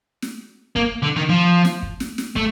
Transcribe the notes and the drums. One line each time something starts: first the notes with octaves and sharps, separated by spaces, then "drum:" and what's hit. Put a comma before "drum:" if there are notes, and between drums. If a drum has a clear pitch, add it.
drum: snare
A#3, drum: kick
D3
D#3
F3
drum: snare
drum: kick
drum: snare
drum: snare
A3, drum: kick